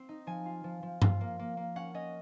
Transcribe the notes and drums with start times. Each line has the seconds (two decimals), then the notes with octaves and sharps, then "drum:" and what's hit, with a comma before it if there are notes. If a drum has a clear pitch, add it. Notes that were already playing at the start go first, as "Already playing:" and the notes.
Already playing: C4
0.09 D#4
0.27 F3 G#5
0.46 F4
0.64 F3
0.83 F3
1.02 F4, drum: tom G2
1.21 A#3
1.39 A#3
1.57 A#3
1.76 C#4 F#5
1.94 C#4 D#5